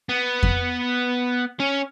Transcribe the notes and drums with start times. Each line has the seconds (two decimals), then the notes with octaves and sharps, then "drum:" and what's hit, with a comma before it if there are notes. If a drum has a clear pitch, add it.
0.09 B3
0.43 drum: kick F2
1.60 C#4